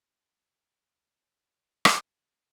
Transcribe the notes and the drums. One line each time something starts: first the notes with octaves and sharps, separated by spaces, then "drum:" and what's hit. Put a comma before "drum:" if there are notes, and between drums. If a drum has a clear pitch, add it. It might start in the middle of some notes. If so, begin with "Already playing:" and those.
D5
D2 C#4 C#5
F#4
drum: rim click
C#3